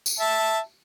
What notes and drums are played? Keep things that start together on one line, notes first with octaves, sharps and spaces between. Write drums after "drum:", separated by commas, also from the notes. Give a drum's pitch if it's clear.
drum: tambourine
E5 A5